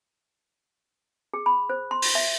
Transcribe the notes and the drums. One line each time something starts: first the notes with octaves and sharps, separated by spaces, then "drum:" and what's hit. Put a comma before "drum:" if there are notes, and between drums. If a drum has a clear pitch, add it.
G#4
B5
C5
C6
drum: open hi-hat
E5